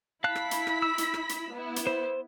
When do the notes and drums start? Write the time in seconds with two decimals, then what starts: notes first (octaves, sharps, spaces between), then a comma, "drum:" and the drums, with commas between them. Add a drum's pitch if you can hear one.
0.24 E4 F5 A5 B5 F#6 B6
0.35 drum: rim click
0.51 drum: hi-hat
0.67 drum: rim click
0.82 E6
0.98 drum: hi-hat
1.14 drum: rim click
1.29 drum: hi-hat
1.52 B3 E4
1.76 drum: hi-hat
1.87 C5